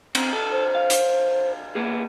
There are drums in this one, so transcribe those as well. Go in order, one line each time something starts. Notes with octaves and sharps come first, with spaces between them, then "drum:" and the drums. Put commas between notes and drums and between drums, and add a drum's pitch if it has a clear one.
C4, drum: cymbal
A4
C5
F5
drum: hi-hat
A#3 B3 G#4